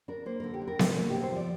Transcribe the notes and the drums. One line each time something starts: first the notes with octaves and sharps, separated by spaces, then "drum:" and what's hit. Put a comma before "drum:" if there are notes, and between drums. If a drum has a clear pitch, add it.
D4 A#4
A#3 C5
D3 A#4
G4
D4
A#4
D3, drum: snare B3
A#3 D5
C3 G4
C5
F3 D5